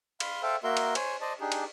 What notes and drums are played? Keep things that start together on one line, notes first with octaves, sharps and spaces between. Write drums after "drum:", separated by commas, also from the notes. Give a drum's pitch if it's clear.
F5 B5 C6, drum: cymbal
A4 C5 E5 F5 G5
A#3 F#4 A#4 E5 C6
drum: cymbal
C5 C#5 G#5, drum: cymbal
C5 D5 D#5 A5
D4 D#4 G4 G#4
drum: cymbal